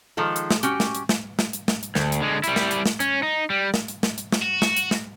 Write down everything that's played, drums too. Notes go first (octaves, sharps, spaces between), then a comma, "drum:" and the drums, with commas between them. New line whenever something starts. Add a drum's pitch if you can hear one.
D#3 F3 G#3 A4
drum: hi-hat
drum: snare
C#4 F#4 G4, drum: hi-hat
drum: snare
drum: hi-hat
drum: snare
drum: snare
drum: hi-hat
drum: snare
drum: hi-hat
D2, drum: snare
drum: hi-hat
D3 G#3
G3 E4, drum: hi-hat
drum: snare
drum: hi-hat
drum: snare
C#4, drum: hi-hat
D#4
G3
drum: snare
drum: hi-hat
drum: snare
drum: hi-hat
drum: snare
F#4
drum: snare
drum: hi-hat
drum: snare